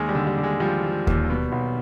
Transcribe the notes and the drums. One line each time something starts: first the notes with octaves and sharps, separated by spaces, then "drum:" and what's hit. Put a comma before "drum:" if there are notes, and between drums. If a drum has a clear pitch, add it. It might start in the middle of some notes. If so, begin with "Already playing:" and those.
Already playing: D#2 G#3
G3
D3
G3
D3
G#3
F3 G3
F3
D#2, drum: kick D#2
B2
B1